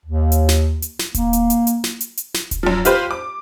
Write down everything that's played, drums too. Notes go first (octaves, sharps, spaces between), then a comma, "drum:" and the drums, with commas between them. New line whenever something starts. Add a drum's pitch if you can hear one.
D#2
drum: hi-hat
drum: snare
drum: hi-hat
drum: snare
A#3, drum: kick D#1, hi-hat
drum: hi-hat
drum: hi-hat
drum: hi-hat
drum: snare
drum: hi-hat
drum: hi-hat
drum: snare
drum: kick D#1, hi-hat
F#2 F3
F4 G4 B4 C5, drum: hi-hat
D6